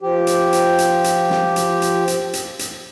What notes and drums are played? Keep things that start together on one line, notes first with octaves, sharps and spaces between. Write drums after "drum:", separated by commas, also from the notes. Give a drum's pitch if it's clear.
F3 G4
drum: hi-hat
drum: hi-hat
drum: hi-hat
drum: hi-hat
drum: snare
drum: hi-hat
drum: hi-hat
drum: hi-hat
drum: hi-hat
drum: hi-hat